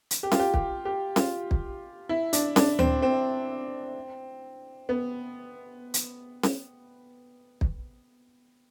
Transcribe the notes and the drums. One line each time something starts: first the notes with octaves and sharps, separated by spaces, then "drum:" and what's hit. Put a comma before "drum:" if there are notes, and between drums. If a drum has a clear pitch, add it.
drum: hi-hat
G4
F4, drum: snare C#4
G4
G4, drum: kick
G4
F4, drum: snare C#4
drum: kick
E4
D4, drum: hi-hat
D4, drum: snare C#4
C4, drum: tom D2
C4
B3
drum: hi-hat
drum: snare C#4
drum: kick